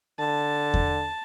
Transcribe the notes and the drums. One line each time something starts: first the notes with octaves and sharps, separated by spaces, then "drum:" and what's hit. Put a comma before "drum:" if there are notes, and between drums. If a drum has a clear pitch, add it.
D3 A5
drum: kick E2